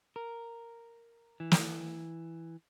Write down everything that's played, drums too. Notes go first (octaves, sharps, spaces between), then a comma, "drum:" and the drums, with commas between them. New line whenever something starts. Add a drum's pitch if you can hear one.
A#4
E3
drum: snare